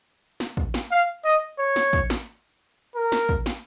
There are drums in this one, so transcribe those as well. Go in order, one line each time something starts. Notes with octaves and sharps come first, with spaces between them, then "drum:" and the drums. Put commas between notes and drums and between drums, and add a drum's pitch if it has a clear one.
drum: snare
drum: kick
drum: snare
F5
D#5
C#5
drum: snare
drum: kick
drum: snare
A#4
drum: snare
drum: kick
drum: snare